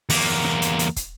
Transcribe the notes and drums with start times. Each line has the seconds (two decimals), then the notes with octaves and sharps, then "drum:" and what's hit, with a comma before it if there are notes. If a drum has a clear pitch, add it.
0.10 E2 A#3, drum: open hi-hat
0.44 drum: rim click
0.62 drum: hi-hat
0.79 drum: hi-hat
0.96 drum: kick, hi-hat